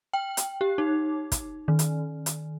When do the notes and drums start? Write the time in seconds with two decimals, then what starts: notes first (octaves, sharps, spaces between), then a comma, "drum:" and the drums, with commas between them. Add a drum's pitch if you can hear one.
0.13 G5
0.37 drum: hi-hat
0.61 G4
0.78 D#4
1.32 drum: kick, hi-hat
1.68 D#3
1.79 drum: hi-hat
2.26 drum: hi-hat